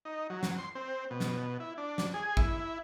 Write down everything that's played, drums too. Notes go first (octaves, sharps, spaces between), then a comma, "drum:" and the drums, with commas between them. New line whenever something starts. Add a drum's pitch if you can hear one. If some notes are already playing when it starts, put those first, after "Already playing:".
D#4
F#3
drum: snare
C6
C4
B2
drum: snare
E4
D4
drum: snare
G#4
E4, drum: kick